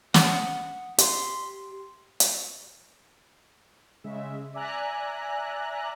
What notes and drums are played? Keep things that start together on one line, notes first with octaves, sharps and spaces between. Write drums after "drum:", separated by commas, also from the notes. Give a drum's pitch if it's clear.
F#5 D#6, drum: snare
G4 C6, drum: hi-hat
drum: hi-hat
C#3 G#3 E5
D5 E5 G#5 A#5 F#6